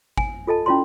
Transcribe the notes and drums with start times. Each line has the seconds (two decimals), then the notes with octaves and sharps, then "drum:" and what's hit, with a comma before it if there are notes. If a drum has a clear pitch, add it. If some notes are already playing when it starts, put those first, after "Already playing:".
0.17 G#5, drum: kick G#1
0.47 F4 A4 D#5 A5
0.66 C#4 E4 F4 D5 A#5 C6